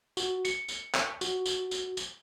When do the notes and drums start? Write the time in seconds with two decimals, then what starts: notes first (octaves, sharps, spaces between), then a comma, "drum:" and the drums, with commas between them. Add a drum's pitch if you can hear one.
0.17 F#4, drum: tambourine
0.45 C#7, drum: tambourine
0.68 drum: tambourine
0.94 drum: clap
1.21 F#4, drum: tambourine
1.46 drum: tambourine
1.71 drum: tambourine
1.97 drum: tambourine